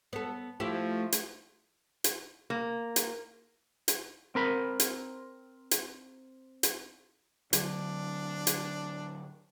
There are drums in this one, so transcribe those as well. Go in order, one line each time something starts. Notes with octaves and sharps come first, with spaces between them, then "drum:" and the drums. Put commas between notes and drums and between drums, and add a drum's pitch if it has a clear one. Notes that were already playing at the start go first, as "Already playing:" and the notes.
B3 A4
F3 A3 E4 G4
drum: hi-hat
drum: hi-hat
A#3
drum: hi-hat
drum: hi-hat
C4 A#4 B5
drum: hi-hat
drum: hi-hat
drum: hi-hat
D3 F#3 D4, drum: hi-hat
drum: hi-hat